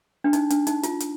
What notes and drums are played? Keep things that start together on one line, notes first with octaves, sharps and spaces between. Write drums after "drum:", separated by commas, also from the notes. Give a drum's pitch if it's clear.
D4
D#4, drum: hi-hat
D4, drum: hi-hat
D#4, drum: hi-hat
F4, drum: hi-hat
drum: hi-hat